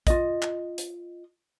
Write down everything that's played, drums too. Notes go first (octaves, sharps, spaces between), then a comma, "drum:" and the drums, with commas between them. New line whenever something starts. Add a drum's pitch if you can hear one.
F4 D#5, drum: kick, hi-hat
drum: clap
drum: hi-hat